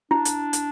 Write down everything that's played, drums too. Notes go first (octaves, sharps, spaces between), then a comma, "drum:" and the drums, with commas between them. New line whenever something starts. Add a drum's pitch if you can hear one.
D4 E4
drum: hi-hat
drum: hi-hat